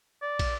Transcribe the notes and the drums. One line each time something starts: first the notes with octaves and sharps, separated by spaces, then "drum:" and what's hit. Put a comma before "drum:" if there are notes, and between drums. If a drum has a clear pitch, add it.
D5
drum: kick, cymbal